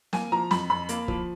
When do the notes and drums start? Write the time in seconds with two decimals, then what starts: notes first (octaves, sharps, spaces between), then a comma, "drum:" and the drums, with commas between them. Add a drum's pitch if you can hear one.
0.13 A#3 G#5, drum: snare
0.32 F3 A#5
0.51 F2 B5, drum: snare
0.70 F2 B5
0.89 A#3, drum: hi-hat
1.08 F3, drum: kick